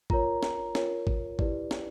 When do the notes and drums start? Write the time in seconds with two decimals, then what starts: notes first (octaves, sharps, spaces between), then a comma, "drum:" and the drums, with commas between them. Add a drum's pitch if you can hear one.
0.10 F4 A#4 C#5 A#5, drum: kick G#1
0.43 drum: snare
0.75 F4 A#4 C#5, drum: snare
1.07 drum: kick G#1
1.39 E4 G4 B4 D5, drum: kick G#1
1.71 drum: snare